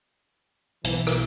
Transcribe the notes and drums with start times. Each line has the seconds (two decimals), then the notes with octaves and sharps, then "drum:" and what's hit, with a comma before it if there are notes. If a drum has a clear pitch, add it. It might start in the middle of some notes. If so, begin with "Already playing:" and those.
0.84 B1 E3, drum: hi-hat
1.07 drum: rim click